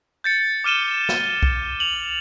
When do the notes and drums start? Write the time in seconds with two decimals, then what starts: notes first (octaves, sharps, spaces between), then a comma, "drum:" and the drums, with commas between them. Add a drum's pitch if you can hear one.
0.24 G6 A6 C#7
0.64 D6 F6 D#7 E7 G7
1.09 drum: snare
1.43 drum: kick B1
1.80 F7 F#7